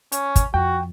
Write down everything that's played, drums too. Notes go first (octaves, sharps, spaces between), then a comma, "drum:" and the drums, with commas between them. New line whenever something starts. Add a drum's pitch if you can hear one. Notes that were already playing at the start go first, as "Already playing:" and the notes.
C#4, drum: hi-hat
drum: kick, hi-hat
F2 F#4 G5